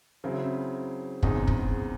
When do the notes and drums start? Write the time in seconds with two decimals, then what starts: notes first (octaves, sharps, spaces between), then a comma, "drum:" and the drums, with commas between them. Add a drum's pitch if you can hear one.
0.24 C#3 F#3 C4 E4
1.23 E2 C#3 G#3 C4 D#4, drum: kick
1.48 drum: kick